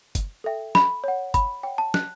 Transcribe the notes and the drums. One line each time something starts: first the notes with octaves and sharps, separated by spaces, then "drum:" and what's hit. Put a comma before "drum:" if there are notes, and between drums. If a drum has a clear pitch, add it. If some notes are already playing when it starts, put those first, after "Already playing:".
drum: kick F#1, hi-hat
A4 E5 G5
B5, drum: snare
C#5 F#5
B5, drum: kick F#1, hi-hat
C#5 F#5 G5
A5
F#6, drum: snare